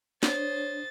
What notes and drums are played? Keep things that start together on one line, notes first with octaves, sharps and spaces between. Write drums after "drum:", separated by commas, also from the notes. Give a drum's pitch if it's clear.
D4 C5 C#5 D#6 A6, drum: snare